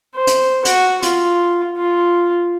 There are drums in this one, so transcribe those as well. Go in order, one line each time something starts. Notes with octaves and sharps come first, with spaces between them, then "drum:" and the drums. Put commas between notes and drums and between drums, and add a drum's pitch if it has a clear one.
C5
drum: hi-hat
F#4, drum: hi-hat
F4, drum: hi-hat
F4